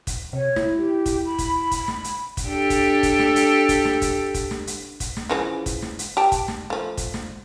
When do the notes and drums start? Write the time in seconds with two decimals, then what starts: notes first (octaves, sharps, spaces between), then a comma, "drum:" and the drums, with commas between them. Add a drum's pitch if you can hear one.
0.07 drum: kick, hi-hat
0.33 C3 C#5
0.56 E4, drum: snare
0.77 G4
1.06 drum: kick, hi-hat
1.26 B5
1.39 drum: kick, hi-hat
1.71 drum: kick, hi-hat
1.88 drum: snare
2.04 drum: hi-hat
2.37 drum: kick, hi-hat
2.46 D4 G4 A4
2.70 drum: kick, hi-hat
3.03 drum: kick, hi-hat
3.19 drum: snare
3.36 drum: hi-hat
3.69 drum: kick, hi-hat
3.85 drum: snare
4.02 drum: kick, hi-hat
4.34 drum: kick, hi-hat
4.51 drum: snare
4.67 drum: hi-hat
5.00 drum: kick, hi-hat
5.17 drum: snare
5.29 C#3 E3 F3
5.66 drum: kick, hi-hat
5.82 drum: snare
5.99 drum: hi-hat
6.17 G4 G5 A5
6.32 drum: kick, hi-hat
6.48 drum: snare
6.70 F3 A3
6.97 drum: kick, hi-hat
7.14 drum: snare